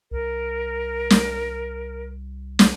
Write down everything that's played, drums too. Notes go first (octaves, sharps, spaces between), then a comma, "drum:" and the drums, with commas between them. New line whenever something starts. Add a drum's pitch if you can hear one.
C2 A#4
drum: snare
drum: snare